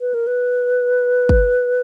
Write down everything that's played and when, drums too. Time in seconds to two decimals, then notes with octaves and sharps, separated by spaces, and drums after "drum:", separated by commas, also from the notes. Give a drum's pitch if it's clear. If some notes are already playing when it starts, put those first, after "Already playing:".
0.01 B4
0.14 A#4
0.27 B4
1.29 drum: kick